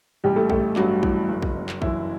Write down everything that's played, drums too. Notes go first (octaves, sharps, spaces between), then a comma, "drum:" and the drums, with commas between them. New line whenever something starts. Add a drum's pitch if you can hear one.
A1 G3 G4
A3 A4
A1 A3 A4, drum: kick
G2 F#3 F#4, drum: clap
E3, drum: kick
F#1
drum: kick
F#1
drum: clap
F#2 E3 E4, drum: kick